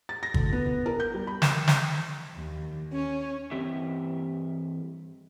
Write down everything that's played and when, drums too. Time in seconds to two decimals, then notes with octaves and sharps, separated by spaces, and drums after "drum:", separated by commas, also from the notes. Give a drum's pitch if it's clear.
0.09 A6
0.23 A#6
0.34 D2, drum: kick G1
0.52 B3
0.66 B3
0.86 A#4
1.00 G6
1.14 G3
1.27 B5
1.42 E7, drum: snare
1.68 drum: snare
2.35 D#2
2.93 C#4
3.51 G2 E3 C4 G4 E5